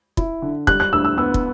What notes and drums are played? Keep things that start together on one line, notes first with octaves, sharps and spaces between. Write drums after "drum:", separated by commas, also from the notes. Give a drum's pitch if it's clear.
E4, drum: kick
D3
G3 F#6, drum: kick
F#6
D2 E6
E6
B3 E6
drum: kick